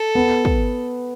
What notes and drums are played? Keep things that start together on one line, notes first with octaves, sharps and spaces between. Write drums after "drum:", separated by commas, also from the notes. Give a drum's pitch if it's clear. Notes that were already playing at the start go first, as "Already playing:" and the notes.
Already playing: A4
B3
drum: kick